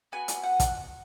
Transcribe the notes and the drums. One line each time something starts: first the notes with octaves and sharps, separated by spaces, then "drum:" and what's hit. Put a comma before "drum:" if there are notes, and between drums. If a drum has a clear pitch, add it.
B3 F#4 G#5
drum: hi-hat
F#5
drum: kick, hi-hat